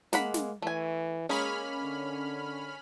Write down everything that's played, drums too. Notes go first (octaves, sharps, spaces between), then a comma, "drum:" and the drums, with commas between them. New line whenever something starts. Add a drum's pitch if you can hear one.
G#3 A#3 F#5 B5, drum: snare
drum: snare
E3 A3 G#5
G#3 A#3 C#4 G#4 B5 F6
D3